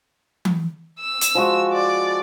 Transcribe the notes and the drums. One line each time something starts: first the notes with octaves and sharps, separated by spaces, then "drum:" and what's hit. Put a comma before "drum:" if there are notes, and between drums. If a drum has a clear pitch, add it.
drum: tom E3
E6
drum: hi-hat
F3 G#3 F#4
D5